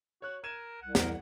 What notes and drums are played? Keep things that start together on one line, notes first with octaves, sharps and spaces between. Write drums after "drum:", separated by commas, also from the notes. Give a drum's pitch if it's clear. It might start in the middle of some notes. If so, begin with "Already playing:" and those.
F#4 C#5 F#6
A#4 G#6 D#7 E7
C2 F#5
E2 A#4 F#5, drum: snare